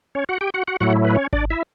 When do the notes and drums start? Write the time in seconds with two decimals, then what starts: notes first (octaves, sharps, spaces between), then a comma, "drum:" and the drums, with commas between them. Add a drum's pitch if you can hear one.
0.15 C#4 C#5
0.29 F#4 F#5
0.41 G4 G5
0.54 F#4 F#5
0.67 F#4 F#5
0.80 A2 F#3 A3 E4 F#4 F#5
1.05 B4
1.15 C#4 C#5
1.33 D4 D5, drum: kick G#1
1.50 E4 E5